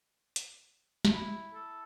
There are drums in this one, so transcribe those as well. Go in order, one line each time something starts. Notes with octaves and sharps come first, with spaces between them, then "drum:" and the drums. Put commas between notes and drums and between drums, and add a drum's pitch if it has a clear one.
drum: hi-hat
drum: snare
E4
A4